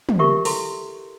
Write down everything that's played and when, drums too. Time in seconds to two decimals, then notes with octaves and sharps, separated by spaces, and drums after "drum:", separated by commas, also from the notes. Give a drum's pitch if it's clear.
0.09 drum: tom
0.19 F4 G4 A#4 E5 C#6
0.45 E4 A4 C6, drum: open hi-hat